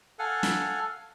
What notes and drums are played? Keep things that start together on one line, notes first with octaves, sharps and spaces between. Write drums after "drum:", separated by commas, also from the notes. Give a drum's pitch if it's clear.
A4 F5 F#5 G#5
drum: snare